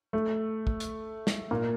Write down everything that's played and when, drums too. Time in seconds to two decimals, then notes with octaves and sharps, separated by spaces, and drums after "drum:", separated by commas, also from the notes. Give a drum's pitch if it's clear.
0.13 A3
0.67 drum: kick
0.80 drum: hi-hat
1.27 drum: snare
1.51 A#2 A#3